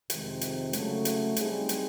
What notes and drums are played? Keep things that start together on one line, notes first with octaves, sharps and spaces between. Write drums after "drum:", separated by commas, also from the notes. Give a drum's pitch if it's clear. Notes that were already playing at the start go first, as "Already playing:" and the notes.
F2 C3 D#3 G#3, drum: hi-hat
drum: hi-hat
C#3 F#3 A3, drum: hi-hat
drum: hi-hat
G3 C4 D#4 G#4, drum: hi-hat
drum: hi-hat